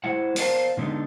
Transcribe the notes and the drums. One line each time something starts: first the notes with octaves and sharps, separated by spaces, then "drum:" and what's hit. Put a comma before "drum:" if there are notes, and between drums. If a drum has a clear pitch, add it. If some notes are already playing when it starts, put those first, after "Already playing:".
G3 E4 C5 F#5
B3 A#4 C5 D5 F5 A5, drum: open hi-hat
D3 G#3 B3 D4 D#4